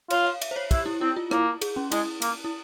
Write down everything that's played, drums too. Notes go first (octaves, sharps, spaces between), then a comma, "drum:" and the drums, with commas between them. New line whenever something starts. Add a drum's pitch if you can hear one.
F4 C#5, drum: cymbal
F5
E5, drum: cymbal
C5
C#5
E4 G4, drum: kick, cymbal
E4
C4 E4
F4
A#3 E4, drum: rim click
G#4, drum: cymbal
C#4
G#3 E4, drum: cymbal
A#3, drum: cymbal
E4